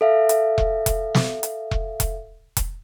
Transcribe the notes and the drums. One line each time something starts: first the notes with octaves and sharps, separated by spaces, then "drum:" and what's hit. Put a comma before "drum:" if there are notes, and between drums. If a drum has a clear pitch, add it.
A4 E5 F5
drum: hi-hat
drum: kick E1
drum: kick E1, hi-hat
drum: snare
drum: hi-hat
drum: kick E1
drum: kick E1, hi-hat
drum: kick E1, hi-hat